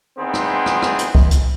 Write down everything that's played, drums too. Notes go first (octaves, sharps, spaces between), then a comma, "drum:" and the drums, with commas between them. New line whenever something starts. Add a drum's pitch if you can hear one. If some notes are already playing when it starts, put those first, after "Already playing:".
E2 D#3 B3 C4 G#4
drum: rim click
drum: rim click
drum: rim click
drum: hi-hat
drum: kick
drum: hi-hat